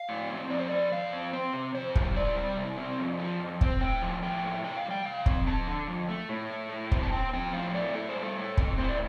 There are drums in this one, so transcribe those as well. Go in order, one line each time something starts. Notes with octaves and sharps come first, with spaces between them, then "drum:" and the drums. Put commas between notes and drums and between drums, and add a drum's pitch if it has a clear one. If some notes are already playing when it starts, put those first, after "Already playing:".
Already playing: F5
A2
C4
F2 D5
C5
F3 D5
F2 F5
C4
C4 C5
C3
F2 C5
G3, drum: kick
C3 D5
G3
C3
C4
F2
F3
F2
C4, drum: kick
A2 G5
F3
A2 G5
A3
C3 G5
F5
G3
G5
C3 F5
C4, drum: kick
F2 A5
D3
F2
A3
A2
A3
A2
C4, drum: kick
A5
C4 G5
F3 G5
A2 F5
A3 D5
A2 A4
C5
G3
A4
A2
C4, drum: kick
A2 C5
D5